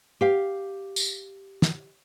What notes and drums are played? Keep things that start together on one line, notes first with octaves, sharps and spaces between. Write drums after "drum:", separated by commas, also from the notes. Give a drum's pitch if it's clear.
G4 F5
drum: tambourine
drum: snare